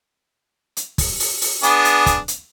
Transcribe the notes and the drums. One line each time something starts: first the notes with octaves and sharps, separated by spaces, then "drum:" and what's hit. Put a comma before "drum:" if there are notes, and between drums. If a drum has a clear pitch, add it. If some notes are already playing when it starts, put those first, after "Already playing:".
drum: hi-hat
drum: kick, open hi-hat
drum: open hi-hat
drum: open hi-hat
B3 D4 G#4, drum: hi-hat
drum: hi-hat
drum: kick, hi-hat
drum: hi-hat